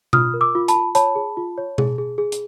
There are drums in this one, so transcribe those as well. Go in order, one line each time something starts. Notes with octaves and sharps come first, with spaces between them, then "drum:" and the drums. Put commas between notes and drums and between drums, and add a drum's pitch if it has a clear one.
F4 D#6 F6, drum: tom B2
A#4
D6 E6
F4
A5 B5, drum: hi-hat
F4
C#5 A5 B5, drum: hi-hat
G#4
F4
C#5
G#4, drum: tom B2
G#4
G#4
drum: hi-hat